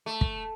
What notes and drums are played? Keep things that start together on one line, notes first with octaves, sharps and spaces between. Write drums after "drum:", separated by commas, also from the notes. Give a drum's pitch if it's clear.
A3
drum: kick